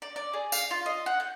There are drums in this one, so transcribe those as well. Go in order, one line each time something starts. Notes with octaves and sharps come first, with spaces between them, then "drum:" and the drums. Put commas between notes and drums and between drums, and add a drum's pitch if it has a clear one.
D5
D5
G#4
F5, drum: tambourine
F4
D#5
F#5
G6